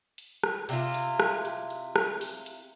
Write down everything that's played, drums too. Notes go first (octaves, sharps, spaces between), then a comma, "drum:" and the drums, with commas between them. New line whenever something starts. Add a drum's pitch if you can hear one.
drum: hi-hat
drum: rim click
C3 E4 F4, drum: open hi-hat
drum: hi-hat
drum: rim click
drum: hi-hat
drum: hi-hat
drum: rim click
drum: open hi-hat
drum: hi-hat